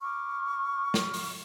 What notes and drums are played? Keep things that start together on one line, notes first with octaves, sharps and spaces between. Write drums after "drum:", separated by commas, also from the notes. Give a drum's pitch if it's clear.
B5 C#6 D6 F6
drum: snare
drum: open hi-hat